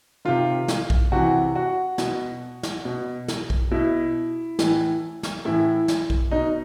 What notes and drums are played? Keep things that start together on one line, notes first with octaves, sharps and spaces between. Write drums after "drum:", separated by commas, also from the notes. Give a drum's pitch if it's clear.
C3 D#3 F4
drum: snare
drum: kick A#1
C3 E3 F#4
F#4
B2, drum: snare
drum: snare
B2
drum: snare
drum: kick A#1
B2 E4
A2 E3, drum: snare
drum: snare
A2 E3 E4
drum: snare
drum: kick A#1
B2 D#4